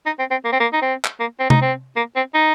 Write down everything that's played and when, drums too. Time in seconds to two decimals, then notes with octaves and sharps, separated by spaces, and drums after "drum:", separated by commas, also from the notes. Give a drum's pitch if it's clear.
0.06 D#4
0.19 C4
0.31 C4
0.44 A#3
0.52 C4
0.60 A#3
0.73 D#4
0.82 C4
1.05 drum: clap
1.20 A#3
1.39 C4
1.50 D#4, drum: tom C3
1.62 C4
1.96 A#3
2.16 C4
2.34 D#4